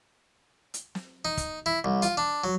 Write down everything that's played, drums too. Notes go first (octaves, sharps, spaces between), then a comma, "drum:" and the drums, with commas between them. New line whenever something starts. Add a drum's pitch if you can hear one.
drum: hi-hat
drum: snare
D#4
drum: kick, hi-hat
E4
C2
F4, drum: hi-hat
D4
F#3